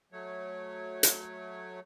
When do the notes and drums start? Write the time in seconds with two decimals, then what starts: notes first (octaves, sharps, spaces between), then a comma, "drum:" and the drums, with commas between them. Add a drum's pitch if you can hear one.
0.12 F#3 A3 C#5
1.03 drum: hi-hat